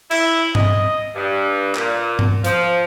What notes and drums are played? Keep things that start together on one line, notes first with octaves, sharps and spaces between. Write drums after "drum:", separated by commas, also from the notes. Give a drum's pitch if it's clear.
E4, drum: cymbal
D#5, drum: tom G2
G2
A#2, drum: clap
drum: tom G2
F3, drum: hi-hat